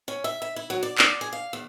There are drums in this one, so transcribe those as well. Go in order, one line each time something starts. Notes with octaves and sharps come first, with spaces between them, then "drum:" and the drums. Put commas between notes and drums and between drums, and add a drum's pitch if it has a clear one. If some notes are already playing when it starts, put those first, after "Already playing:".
C#4
E5
E5
E4
F#3
D5
D5, drum: clap
G#4
F5
E2